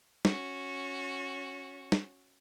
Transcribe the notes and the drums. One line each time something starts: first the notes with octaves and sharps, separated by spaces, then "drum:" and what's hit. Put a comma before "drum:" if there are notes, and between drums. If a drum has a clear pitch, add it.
C#4 F#4, drum: snare
drum: snare